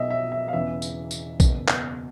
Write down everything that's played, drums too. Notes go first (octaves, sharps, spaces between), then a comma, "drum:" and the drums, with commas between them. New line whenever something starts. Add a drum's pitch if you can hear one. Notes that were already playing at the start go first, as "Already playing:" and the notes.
Already playing: B1 B2 D#5 E5
E5
E5
F5
E1 E2 C#3 E3 E5
drum: tambourine
drum: tambourine
F#1 E2 B2, drum: kick A#1, tambourine
drum: clap